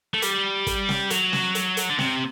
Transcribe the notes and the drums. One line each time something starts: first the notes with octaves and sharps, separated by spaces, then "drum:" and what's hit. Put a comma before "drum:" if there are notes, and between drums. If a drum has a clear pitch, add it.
A3
G3, drum: hi-hat
drum: kick, hi-hat
drum: snare
F#3, drum: hi-hat
drum: snare
drum: hi-hat
drum: hi-hat
D3
C3, drum: snare